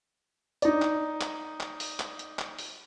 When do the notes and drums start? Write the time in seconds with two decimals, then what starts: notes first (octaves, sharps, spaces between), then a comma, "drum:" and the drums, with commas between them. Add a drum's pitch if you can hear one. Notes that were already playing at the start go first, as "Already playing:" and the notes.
0.62 D#4 D5, drum: hi-hat
0.82 drum: clap
1.21 drum: clap
1.60 drum: clap
1.80 drum: open hi-hat
2.00 drum: clap
2.19 drum: hi-hat
2.39 drum: clap
2.59 drum: open hi-hat